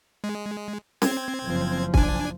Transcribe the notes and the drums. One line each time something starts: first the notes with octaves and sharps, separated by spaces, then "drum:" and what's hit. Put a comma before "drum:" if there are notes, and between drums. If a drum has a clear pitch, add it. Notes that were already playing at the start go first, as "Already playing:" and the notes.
G#3
C4 G#6, drum: snare C#4
F#1 F3
D4 G#5, drum: kick